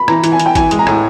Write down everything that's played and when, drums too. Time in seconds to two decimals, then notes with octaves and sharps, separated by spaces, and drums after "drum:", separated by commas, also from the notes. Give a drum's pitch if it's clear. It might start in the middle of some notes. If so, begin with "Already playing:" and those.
Already playing: B5
0.08 E3 A#5, drum: rim click
0.24 E3, drum: hi-hat
0.32 G#5
0.39 E3, drum: hi-hat
0.46 G5
0.55 E3 G#5, drum: kick G#1, hi-hat
0.71 G#3, drum: hi-hat
0.79 A#5
0.87 A2, drum: rim click